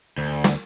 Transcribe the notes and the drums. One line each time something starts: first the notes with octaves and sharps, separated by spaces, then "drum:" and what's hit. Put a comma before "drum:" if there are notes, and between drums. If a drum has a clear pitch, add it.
D2
drum: snare